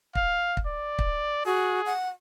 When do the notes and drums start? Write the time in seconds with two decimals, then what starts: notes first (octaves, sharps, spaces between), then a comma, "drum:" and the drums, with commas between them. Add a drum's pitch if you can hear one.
0.15 F5, drum: kick
0.57 drum: kick
0.66 D5
0.99 drum: kick
1.46 F#4 G#4
1.86 F#5